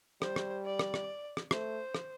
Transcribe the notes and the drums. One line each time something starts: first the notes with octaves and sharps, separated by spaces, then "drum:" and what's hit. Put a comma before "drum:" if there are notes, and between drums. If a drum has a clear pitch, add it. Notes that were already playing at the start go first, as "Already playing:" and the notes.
G3 C5, drum: rim click
drum: rim click
D5
drum: rim click
drum: rim click
drum: rim click
A3 C5, drum: rim click
drum: rim click